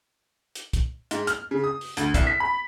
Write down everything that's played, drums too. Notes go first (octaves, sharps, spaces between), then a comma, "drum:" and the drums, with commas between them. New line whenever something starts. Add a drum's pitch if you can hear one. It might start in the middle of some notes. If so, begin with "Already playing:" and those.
drum: hi-hat
drum: kick, hi-hat
G#2, drum: hi-hat
F6, drum: hi-hat
C#3
D#6
drum: open hi-hat
D2, drum: hi-hat
C2, drum: kick, hi-hat
B6
B5